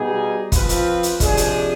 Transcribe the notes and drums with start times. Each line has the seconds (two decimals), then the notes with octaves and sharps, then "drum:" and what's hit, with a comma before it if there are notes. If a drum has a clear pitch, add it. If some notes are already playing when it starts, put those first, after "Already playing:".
Already playing: B2 G3 B3 D#4 G#4
0.52 F3 C4 F4 B4, drum: kick, hi-hat
0.69 drum: hi-hat
1.03 drum: hi-hat
1.20 C3 F3 G#3 D4 G#4, drum: kick, hi-hat
1.37 drum: hi-hat